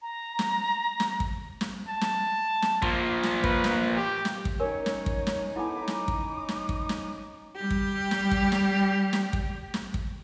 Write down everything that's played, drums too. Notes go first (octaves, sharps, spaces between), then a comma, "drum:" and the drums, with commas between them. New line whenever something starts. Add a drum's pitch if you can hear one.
A#5
drum: snare
drum: snare
drum: kick
drum: snare
A5
drum: snare
drum: snare
A#2 F3, drum: kick
drum: snare
B4, drum: kick
drum: snare
G4
drum: snare
drum: kick
C#4 D#4 A#4 C#5
drum: snare
drum: kick
drum: snare
B3 E4 A4 G#5 D6
A#5 B5
drum: snare
drum: kick
drum: snare
drum: kick
drum: snare
G3 G4
drum: kick
drum: snare
drum: kick
drum: snare
drum: snare
drum: kick
drum: snare
drum: kick